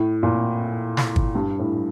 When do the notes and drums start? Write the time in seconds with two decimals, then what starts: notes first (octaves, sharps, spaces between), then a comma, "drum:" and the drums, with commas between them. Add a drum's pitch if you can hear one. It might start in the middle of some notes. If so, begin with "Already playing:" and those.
Already playing: A2
0.23 A#2
0.97 drum: snare
1.16 drum: kick
1.35 G2
1.59 A2